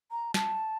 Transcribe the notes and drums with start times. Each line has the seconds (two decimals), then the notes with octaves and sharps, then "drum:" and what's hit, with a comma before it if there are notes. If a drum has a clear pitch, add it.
0.11 A#5
0.34 A5, drum: snare